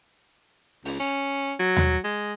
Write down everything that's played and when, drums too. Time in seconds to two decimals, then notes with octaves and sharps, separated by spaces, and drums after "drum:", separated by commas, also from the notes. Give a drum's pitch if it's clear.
0.85 C#2, drum: open hi-hat
1.00 C#4
1.59 F#3
1.77 drum: tom D#2
2.04 G#3